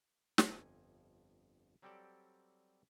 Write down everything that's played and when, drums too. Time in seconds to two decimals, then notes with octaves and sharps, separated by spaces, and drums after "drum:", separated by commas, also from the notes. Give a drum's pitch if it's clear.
0.38 G1 F2 G#5, drum: snare
1.82 F#3 G3 C4 G4 A4 D5